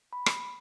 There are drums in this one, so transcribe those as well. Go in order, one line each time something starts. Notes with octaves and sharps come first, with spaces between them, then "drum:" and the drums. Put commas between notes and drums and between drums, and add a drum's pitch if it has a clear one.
B5
drum: rim click